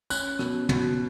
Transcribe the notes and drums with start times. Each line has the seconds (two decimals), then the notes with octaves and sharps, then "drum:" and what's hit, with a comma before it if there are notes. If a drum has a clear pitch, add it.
0.10 C#4 F#6, drum: tambourine
0.39 B2, drum: rim click
0.69 B2, drum: tom